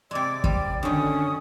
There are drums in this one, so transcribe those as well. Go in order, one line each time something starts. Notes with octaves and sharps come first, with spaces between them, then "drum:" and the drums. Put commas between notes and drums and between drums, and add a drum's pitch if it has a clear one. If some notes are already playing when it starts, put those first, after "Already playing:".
C3 G#3 D5 D6 E6
G3 D5, drum: kick
F#2 D3 D#3 C#4 D#6